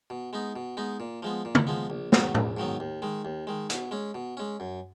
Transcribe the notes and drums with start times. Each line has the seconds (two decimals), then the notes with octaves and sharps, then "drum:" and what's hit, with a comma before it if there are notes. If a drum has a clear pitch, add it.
0.10 B2
0.33 G#3 B3 D#4
0.56 B2
0.77 G#3 B3 D#4
1.00 A#2
1.22 F3 G#3 B3
1.45 A#2
1.55 drum: tom
1.67 F3 G#3 B3
1.90 A#1
2.12 G#2 D#3 F#3 B3, drum: snare
2.35 A#1, drum: tom A2
2.57 G#2 D#3 F#3 B3
2.80 D#2
3.02 D#3 G#3
3.25 D#2
3.47 D#3 G#3
3.70 B2, drum: hi-hat
3.91 G#3 C#4
4.14 B2
4.37 G#3 C#4
4.60 F#2